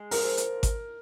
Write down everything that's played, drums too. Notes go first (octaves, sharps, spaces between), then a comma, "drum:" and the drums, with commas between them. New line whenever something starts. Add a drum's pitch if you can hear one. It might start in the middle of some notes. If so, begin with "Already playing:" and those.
Already playing: G#3
F3 A#4, drum: open hi-hat
drum: hi-hat
drum: kick G#1, hi-hat